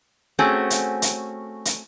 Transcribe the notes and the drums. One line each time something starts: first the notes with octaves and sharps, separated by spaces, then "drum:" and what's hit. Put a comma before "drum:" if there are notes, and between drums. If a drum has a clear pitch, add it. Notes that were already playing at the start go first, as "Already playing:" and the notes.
A3 C4 C#4 F#4 G#4
drum: hi-hat
drum: hi-hat
drum: hi-hat